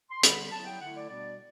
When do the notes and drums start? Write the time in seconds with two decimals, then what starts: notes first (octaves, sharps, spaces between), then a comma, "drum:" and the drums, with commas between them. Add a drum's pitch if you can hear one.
0.11 C6
0.23 D3 G3 B3 B5, drum: hi-hat
0.51 F#3 B3 E4 A5
0.65 G5
0.80 D3 A3 E4 F#5
0.95 D5
1.08 B2 G3 B3 D4 D5